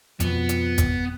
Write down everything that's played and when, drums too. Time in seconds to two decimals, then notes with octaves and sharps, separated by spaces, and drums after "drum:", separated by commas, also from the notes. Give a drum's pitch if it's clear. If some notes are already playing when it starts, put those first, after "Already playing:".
0.20 F2 B2 F3 B3, drum: hi-hat
0.49 drum: hi-hat
0.78 drum: kick, hi-hat